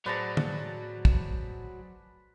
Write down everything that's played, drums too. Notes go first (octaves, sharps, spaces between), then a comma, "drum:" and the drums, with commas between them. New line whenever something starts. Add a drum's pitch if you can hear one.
A2 F#3 G#4 B4 C5 D5 A5 A#5
drum: tom
drum: kick